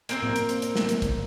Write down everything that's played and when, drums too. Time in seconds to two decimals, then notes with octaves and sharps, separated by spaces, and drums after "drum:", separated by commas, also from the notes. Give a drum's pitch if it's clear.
0.09 A#3 C4 A#4, drum: hi-hat
0.22 drum: tom A2
0.36 drum: hi-hat
0.49 drum: hi-hat
0.62 drum: hi-hat
0.76 drum: snare
0.89 drum: hi-hat
1.02 drum: kick, hi-hat